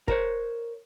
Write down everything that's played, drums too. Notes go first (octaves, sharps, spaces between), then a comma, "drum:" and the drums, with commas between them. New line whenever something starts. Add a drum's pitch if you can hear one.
A#4 C5 C#5, drum: kick